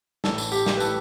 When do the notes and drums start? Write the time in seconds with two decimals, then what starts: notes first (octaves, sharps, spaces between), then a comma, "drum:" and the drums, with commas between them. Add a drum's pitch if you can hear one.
0.24 A1 A2 E3 A4, drum: snare
0.38 drum: tambourine
0.52 G4, drum: tambourine
0.66 drum: snare
0.77 B4
0.80 A2 E3 A4, drum: tambourine